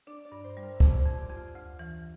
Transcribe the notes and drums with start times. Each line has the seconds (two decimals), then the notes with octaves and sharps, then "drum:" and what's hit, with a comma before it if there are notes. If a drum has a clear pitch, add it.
0.07 D4 D5
0.25 D5
0.32 G2
0.44 C5
0.57 G3
0.63 A#4
0.73 E5
0.80 F2 D5, drum: kick
0.91 A#4
0.99 C5
1.06 F2
1.18 G4
1.30 F2
1.36 F4
1.55 D2
1.79 E3